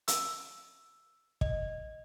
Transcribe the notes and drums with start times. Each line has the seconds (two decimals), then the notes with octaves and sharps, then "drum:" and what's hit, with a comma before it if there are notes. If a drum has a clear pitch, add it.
0.08 E6, drum: hi-hat
1.41 D#5, drum: kick